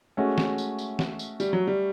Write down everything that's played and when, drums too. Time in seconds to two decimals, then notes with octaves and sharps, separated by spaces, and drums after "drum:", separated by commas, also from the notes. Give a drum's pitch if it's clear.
0.17 G#3 A3 C#4 F#4
0.38 drum: snare
0.58 drum: tambourine
0.79 drum: tambourine
0.99 drum: snare
1.19 drum: tambourine
1.40 G3, drum: tambourine
1.53 F#3
1.67 G3